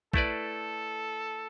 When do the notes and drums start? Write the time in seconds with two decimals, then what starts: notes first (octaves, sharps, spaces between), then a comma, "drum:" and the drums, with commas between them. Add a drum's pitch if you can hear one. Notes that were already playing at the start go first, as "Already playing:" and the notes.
0.14 A3 E4 A4 B4 D5, drum: kick